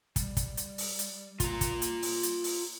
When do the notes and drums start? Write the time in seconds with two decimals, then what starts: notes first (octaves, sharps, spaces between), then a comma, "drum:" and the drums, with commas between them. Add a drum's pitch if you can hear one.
0.16 G3, drum: kick, hi-hat
0.37 drum: kick, hi-hat
0.57 drum: hi-hat
0.78 drum: open hi-hat
0.99 drum: hi-hat
1.40 F4 A#5, drum: kick, hi-hat
1.61 drum: kick, hi-hat
1.82 drum: hi-hat
2.02 drum: open hi-hat
2.23 drum: hi-hat
2.44 drum: open hi-hat